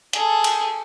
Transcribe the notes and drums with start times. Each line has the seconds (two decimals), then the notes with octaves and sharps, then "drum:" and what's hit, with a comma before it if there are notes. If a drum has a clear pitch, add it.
0.13 G#4 A4, drum: hi-hat
0.44 drum: cymbal